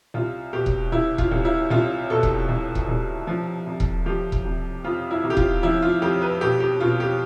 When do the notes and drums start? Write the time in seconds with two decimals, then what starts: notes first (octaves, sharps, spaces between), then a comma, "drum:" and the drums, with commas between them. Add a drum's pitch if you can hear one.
0.14 C2 F4
0.53 B2 G4
0.66 drum: kick E1
0.92 C2 E4
1.18 F4, drum: kick E1
1.31 C2
1.45 E4
1.70 C2 F4
2.10 B2 A4
2.23 drum: kick E1
2.49 C2
2.75 drum: kick E1
2.88 C2
3.27 F3
3.67 C3
3.80 drum: kick E1
4.06 F3 G4
4.32 drum: kick E1
4.45 C3
4.84 F2 F4
5.11 E4
5.24 C3
5.30 G4
5.37 F4, drum: kick E1
5.63 F3 E4
5.82 F4
6.02 F2 G4
6.22 B4
6.41 B2 G4
6.60 G4
6.80 B2 F4
7.00 G4